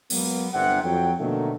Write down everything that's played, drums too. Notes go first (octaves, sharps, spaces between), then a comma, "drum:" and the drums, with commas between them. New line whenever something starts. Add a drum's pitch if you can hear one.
F#3 G#3 A#3 B3, drum: open hi-hat
G1 C3 F#5
F2 F#3 G5
B2 D3 D#3 F#3 A3 A#3